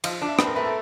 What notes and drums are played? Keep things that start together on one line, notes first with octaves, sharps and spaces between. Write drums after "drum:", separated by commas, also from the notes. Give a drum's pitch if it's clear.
F3 D#5, drum: cymbal
D4
E5
C4 B4, drum: rim click
A#4
A3 B4
A4